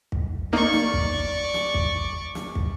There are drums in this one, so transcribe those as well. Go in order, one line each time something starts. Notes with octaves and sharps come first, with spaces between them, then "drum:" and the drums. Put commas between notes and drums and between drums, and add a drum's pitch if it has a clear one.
drum: kick
A#3 D#4 D5 C#6
drum: snare
drum: kick
drum: snare
drum: kick
drum: snare
drum: kick